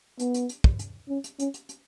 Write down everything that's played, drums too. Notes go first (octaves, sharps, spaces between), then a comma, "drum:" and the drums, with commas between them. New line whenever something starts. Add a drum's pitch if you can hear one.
B3, drum: hi-hat
drum: hi-hat
drum: hi-hat
drum: kick
drum: hi-hat
C#4
drum: hi-hat
C#4, drum: hi-hat
drum: hi-hat
drum: hi-hat